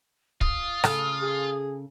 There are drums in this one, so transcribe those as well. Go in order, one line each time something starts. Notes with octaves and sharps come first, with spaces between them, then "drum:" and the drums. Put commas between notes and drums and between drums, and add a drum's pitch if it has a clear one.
F4 D#6, drum: kick
C#3 A4, drum: rim click
G#4